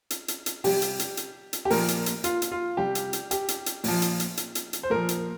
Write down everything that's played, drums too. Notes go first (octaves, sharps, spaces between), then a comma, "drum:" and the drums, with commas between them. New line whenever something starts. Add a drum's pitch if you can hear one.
drum: hi-hat
drum: hi-hat
drum: hi-hat
C3 G3 G4, drum: open hi-hat
drum: hi-hat
drum: hi-hat
drum: hi-hat
drum: hi-hat
G4
A#2 F3 A#4, drum: open hi-hat
drum: hi-hat
drum: hi-hat
F4, drum: hi-hat
drum: hi-hat
F4
C3 G3 G4
drum: hi-hat
drum: hi-hat
G4, drum: hi-hat
drum: hi-hat
drum: hi-hat
A#2 F3, drum: open hi-hat
drum: hi-hat
drum: hi-hat
drum: hi-hat
drum: hi-hat
drum: hi-hat
C5
A#2 F3 A#4
drum: hi-hat